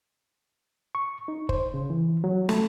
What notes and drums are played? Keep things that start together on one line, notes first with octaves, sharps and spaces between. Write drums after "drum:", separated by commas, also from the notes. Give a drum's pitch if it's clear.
C#6
D#4
C5, drum: kick
C#3
E3
F#3
A3, drum: snare